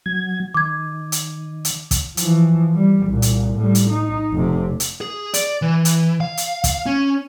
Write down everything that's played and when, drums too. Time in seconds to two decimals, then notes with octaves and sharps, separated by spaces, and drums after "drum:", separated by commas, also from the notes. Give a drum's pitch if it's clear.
0.06 F#3 G#6
0.54 D#3 D6 G#6
1.12 drum: hi-hat
1.65 drum: hi-hat
1.91 drum: kick, hi-hat
2.17 E3 F3, drum: hi-hat
2.75 G3
3.07 C2 A#2
3.22 drum: hi-hat
3.57 A2 G3
3.75 drum: hi-hat
3.90 D#4
4.33 F1 C3
4.80 drum: hi-hat
5.01 G#4
5.34 D5, drum: hi-hat
5.62 E3
5.85 drum: hi-hat
6.20 F5
6.37 drum: hi-hat
6.64 drum: kick, hi-hat
6.86 C#4